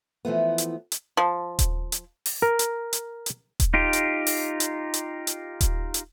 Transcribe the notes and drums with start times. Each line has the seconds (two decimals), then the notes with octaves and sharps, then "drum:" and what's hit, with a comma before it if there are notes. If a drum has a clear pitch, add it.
0.25 E3 F3 A3 B3
0.58 drum: hi-hat
0.92 drum: hi-hat
1.17 F3
1.59 drum: kick D#1, hi-hat
1.92 drum: hi-hat
2.26 drum: open hi-hat
2.42 A#4
2.59 drum: hi-hat
2.93 drum: hi-hat
3.26 drum: hi-hat
3.60 drum: kick D#1, hi-hat
3.74 D#4 F4 G4
3.93 drum: hi-hat
4.27 drum: open hi-hat
4.60 drum: hi-hat
4.94 drum: hi-hat
5.27 drum: hi-hat
5.61 drum: kick D#1, hi-hat
5.94 drum: hi-hat